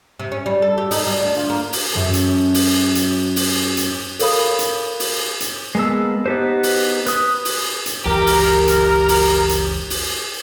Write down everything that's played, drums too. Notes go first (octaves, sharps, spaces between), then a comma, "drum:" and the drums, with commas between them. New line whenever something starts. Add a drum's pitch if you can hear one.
C3
C#4
G3
A4
G4
D#4, drum: open hi-hat
G3
D2
F4
A#3
drum: open hi-hat
F#2 F#3 A4
drum: hi-hat
drum: open hi-hat
drum: hi-hat
drum: open hi-hat
drum: hi-hat
A4 A#4 C#5 F5 B5 D#6, drum: open hi-hat
drum: hi-hat
drum: open hi-hat
drum: hi-hat
G#3 A#3 B3 A5 E6
B3 D#4 G4 B4 C5
drum: open hi-hat
B4 D#6, drum: hi-hat
drum: open hi-hat
drum: hi-hat
F#1 C#2 E3 G4 A#4
drum: open hi-hat
drum: hi-hat
drum: open hi-hat
drum: hi-hat
drum: open hi-hat